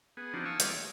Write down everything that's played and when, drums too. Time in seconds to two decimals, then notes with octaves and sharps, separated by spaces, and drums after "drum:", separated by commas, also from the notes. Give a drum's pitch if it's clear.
0.17 B3 G#4
0.34 F3 C4 D4 D#4 F#4
0.45 F5 G#5 A5 C#6 D#6 E6
0.60 E3 G3 G#3 A#3 F4 G4, drum: hi-hat
0.72 G#5